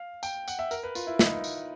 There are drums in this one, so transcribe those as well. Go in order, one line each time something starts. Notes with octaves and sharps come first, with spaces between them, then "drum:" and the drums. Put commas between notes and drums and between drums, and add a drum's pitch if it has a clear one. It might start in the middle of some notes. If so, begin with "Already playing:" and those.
Already playing: F5
G5, drum: tambourine
F#5, drum: tambourine
E5
A#4, drum: tambourine
B4
F4, drum: tambourine
E4
D#4, drum: snare
drum: tambourine